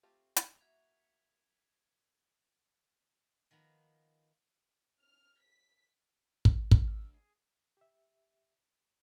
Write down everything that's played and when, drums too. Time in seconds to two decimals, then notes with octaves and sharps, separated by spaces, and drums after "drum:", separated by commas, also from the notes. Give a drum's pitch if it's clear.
0.03 A3 C4 F4 G4
0.36 A3 D4, drum: hi-hat
0.58 A#3 E4 F#4 E5 G#6 B6 C#7 F7
3.51 D#3 F3 B3 A#5
5.02 F6
5.40 B6
6.45 drum: kick
6.71 D2 D3, drum: kick
6.88 E6 F6
7.14 G#4
7.77 G4 E5